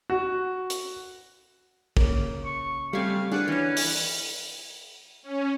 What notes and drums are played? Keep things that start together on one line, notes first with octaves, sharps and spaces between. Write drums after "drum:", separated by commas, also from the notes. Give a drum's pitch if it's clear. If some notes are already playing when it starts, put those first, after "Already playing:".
F#4
drum: hi-hat
C#3 A#3, drum: kick
C#6
G3 A3 C4 F5 G#5
D4 G#4 B4 D5 F#5
E3 C#4 C#5
drum: open hi-hat
C#4